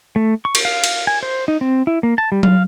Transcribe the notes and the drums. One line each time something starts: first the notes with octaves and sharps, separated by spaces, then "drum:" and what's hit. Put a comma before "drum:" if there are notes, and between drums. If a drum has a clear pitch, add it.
A3
C#6
drum: cymbal
F5
drum: cymbal
G#5
C5
D#4
C4
E4
A#3
A5
G3
F5, drum: tom F#3